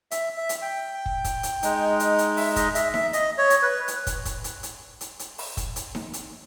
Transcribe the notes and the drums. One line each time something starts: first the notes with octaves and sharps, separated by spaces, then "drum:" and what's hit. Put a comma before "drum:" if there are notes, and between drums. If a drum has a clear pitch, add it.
E5, drum: hi-hat
E5
drum: hi-hat
G5
drum: kick
drum: kick, hi-hat
drum: hi-hat
G#3 D#4, drum: hi-hat
drum: hi-hat
drum: hi-hat
E5, drum: open hi-hat
D#5, drum: kick, hi-hat
E5, drum: hi-hat
E5, drum: snare D#4
D#5, drum: hi-hat
C#5
drum: hi-hat
B4
drum: hi-hat
drum: kick, hi-hat
drum: kick, hi-hat
drum: hi-hat
drum: hi-hat
drum: hi-hat
drum: hi-hat
drum: open hi-hat
drum: kick, hi-hat
drum: hi-hat
drum: snare D#4
drum: hi-hat